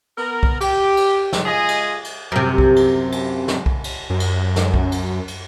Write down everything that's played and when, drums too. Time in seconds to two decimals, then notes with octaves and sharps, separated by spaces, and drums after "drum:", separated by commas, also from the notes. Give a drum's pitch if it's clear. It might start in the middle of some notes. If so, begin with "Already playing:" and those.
0.17 B3 A#4
0.43 drum: kick
0.61 G4, drum: cymbal
0.97 drum: cymbal
1.33 drum: snare
1.44 G#3 F4 G#4 D#5 G#5
1.69 drum: cymbal
2.04 drum: cymbal
2.32 F#2 C3
2.58 drum: kick
2.76 drum: cymbal
3.12 drum: cymbal
3.48 drum: snare
3.66 drum: kick
3.84 drum: cymbal
4.10 F#2
4.20 drum: cymbal
4.56 drum: snare
4.74 drum: kick
4.92 drum: cymbal
5.28 drum: cymbal